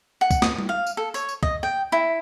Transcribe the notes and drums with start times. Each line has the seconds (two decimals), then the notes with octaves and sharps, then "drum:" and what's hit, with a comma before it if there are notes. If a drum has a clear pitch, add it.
0.21 F#5
0.31 drum: kick, tambourine
0.42 D#6, drum: snare
0.59 drum: tom G3
0.69 F5
0.87 drum: tambourine
0.97 A4
1.14 C#5, drum: tambourine
1.29 drum: tambourine
1.43 D#5, drum: kick
1.63 G5
1.92 E4